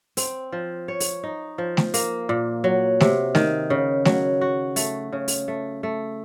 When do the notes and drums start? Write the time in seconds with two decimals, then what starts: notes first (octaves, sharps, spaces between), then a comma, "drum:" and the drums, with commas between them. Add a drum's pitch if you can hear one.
0.17 C4, drum: open hi-hat
0.52 F3
0.88 C#5
1.00 drum: open hi-hat
1.23 D#4
1.58 F3
1.77 drum: snare A3
1.94 A#3, drum: open hi-hat
2.29 A#2
2.64 F#3
3.00 C3, drum: snare A3
3.35 D#3, drum: snare A3
3.70 C#3
4.05 F#3, drum: snare A3
4.41 F#4
4.76 A3, drum: open hi-hat
5.13 C#3
5.28 drum: open hi-hat
5.48 A3
5.83 A3